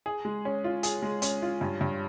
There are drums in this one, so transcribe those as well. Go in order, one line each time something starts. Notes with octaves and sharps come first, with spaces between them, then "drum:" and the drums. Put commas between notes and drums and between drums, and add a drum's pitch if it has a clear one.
G#4
G#3
C#4
F4
G#4, drum: hi-hat
G#3
C#4, drum: hi-hat
F4
G2
G2